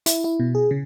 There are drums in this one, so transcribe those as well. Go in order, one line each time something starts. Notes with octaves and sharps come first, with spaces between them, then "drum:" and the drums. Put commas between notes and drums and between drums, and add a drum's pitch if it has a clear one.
E4, drum: hi-hat
E4
B2
G#4
C#3